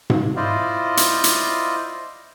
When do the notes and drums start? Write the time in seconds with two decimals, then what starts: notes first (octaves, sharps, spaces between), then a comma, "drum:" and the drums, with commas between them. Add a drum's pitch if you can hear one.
0.10 drum: tom G#2
0.36 E4 F4 C5 D5 D#5 F5
0.97 drum: hi-hat
1.24 drum: hi-hat